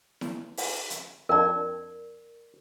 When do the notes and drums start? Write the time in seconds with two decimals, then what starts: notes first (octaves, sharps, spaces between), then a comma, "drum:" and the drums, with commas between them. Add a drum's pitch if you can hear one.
0.21 drum: snare E4
0.57 drum: open hi-hat
0.90 drum: hi-hat
1.29 F2 D4 A#4 D5